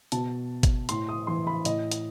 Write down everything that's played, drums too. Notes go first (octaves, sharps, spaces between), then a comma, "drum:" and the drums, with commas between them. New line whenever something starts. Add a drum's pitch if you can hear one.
B2 A5, drum: hi-hat
drum: kick G1, hi-hat
A2 C6, drum: hi-hat
D#6
E3 C6
B5
A2 D#5, drum: hi-hat
drum: hi-hat